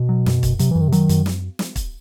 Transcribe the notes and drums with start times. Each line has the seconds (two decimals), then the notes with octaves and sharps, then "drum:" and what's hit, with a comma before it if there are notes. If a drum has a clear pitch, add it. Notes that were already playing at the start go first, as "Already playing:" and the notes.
Already playing: B2
0.09 F#3
0.26 F#2, drum: snare
0.43 F#2, drum: kick, hi-hat
0.59 C3 F#3, drum: hi-hat
0.71 F#2 E3
0.81 D#3
0.88 C3
0.92 D#3 F#3, drum: hi-hat
1.09 F#2, drum: hi-hat
1.26 drum: snare
1.59 drum: snare
1.76 drum: kick, hi-hat